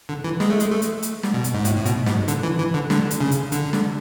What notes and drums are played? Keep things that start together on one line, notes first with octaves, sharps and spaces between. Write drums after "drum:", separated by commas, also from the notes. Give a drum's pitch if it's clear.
D3
E3
G#3, drum: snare
A3
G#3, drum: hi-hat
A3
drum: hi-hat
drum: hi-hat
drum: snare
B2
drum: hi-hat
G#2
A2, drum: hi-hat
A2
B2, drum: hi-hat
G#2, drum: snare
D3, drum: hi-hat
E3
E3
D3
D3, drum: snare
drum: hi-hat
C#3
drum: hi-hat
D3, drum: hi-hat
drum: snare